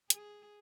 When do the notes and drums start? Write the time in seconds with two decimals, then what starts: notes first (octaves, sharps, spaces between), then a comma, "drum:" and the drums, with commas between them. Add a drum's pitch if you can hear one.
0.10 G#4, drum: hi-hat